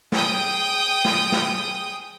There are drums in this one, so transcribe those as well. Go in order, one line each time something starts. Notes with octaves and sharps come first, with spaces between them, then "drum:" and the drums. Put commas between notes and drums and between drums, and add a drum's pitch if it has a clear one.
G#4 G5 D#6, drum: snare
drum: snare
drum: snare